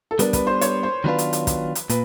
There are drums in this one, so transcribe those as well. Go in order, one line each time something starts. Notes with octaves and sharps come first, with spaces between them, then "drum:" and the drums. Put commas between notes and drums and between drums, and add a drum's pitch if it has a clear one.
A4
G3 B3 D4 A#4, drum: hi-hat
B4, drum: kick, hi-hat
C5
C#5, drum: hi-hat
C5
D#3 F#3 B3 D4 F4 B4
drum: hi-hat
drum: hi-hat
drum: kick, hi-hat
drum: hi-hat
A#2 B4, drum: hi-hat